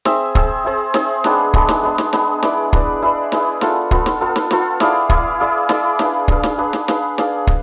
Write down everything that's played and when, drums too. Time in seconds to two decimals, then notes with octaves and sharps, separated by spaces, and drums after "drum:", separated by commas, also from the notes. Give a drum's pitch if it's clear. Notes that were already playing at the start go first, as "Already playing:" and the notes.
0.05 C4 G#4 C5 E5, drum: snare
0.35 C4 G#4 C5 E5, drum: kick
0.65 C4 G#4 C5 E5
0.94 C4 G#4 C5 E5, drum: snare
1.24 G#3 B3 D4 G#4, drum: snare
1.54 G#3 B3 D4 G#4, drum: kick
1.69 drum: snare
1.83 G#3 B3 D4 G#4
1.98 drum: snare
2.13 G#3 B3 D4 G#4, drum: snare
2.43 E4 G#4 B4 D5, drum: snare
2.73 E4 G#4 B4 D5, drum: kick
3.02 E4 G#4 B4 D5
3.32 E4 G#4 B4 D5, drum: snare
3.61 B3 F4 A4, drum: snare
3.91 B3 F4 A4, drum: kick
4.06 drum: snare
4.21 B3 F4 A4
4.36 drum: snare
4.51 B3 F4 A4, drum: snare
4.80 E4 G#4 D5 F5, drum: snare
5.10 E4 G#4 D5 F5, drum: kick
5.40 E4 G#4 D5 F5
5.69 E4 G#4 D5 F5, drum: snare
5.99 D4 G#4 B4 F5, drum: snare
6.28 D4 G#4 B4 F5, drum: kick
6.43 drum: snare
6.58 D4 G#4 B4 F5
6.73 drum: snare
6.88 D4 G#4 B4 F5, drum: snare
7.18 D4 G#4 D5 F5, drum: snare
7.47 drum: kick